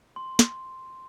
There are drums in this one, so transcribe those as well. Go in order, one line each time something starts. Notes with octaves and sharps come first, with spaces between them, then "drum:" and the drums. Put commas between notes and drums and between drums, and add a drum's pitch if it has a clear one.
C6
drum: snare